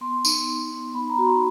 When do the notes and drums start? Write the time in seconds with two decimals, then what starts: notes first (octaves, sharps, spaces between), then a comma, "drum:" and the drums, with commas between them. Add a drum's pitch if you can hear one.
0.01 B3 C6
0.25 D#4, drum: tambourine
0.47 D#4
0.71 D#4
0.94 B3 B5
1.10 A#5
1.18 F#4
1.26 C6